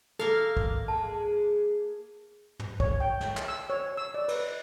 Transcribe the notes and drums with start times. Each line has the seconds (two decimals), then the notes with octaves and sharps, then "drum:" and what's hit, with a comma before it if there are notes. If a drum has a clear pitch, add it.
0.19 A#3 A4 F5
0.57 drum: kick
0.88 G#3 A5
2.59 drum: tom
2.80 C#5, drum: kick
3.00 G5
3.21 drum: snare
3.37 drum: clap
3.48 E6
3.70 C#5
3.97 E6
4.14 D5
4.28 B4, drum: cymbal